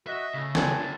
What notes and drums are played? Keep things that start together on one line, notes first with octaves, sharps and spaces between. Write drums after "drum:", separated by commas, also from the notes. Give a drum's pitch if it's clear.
F#4 D#5 E5
C#3 A3
G#5 A5, drum: snare
D2 D4 F4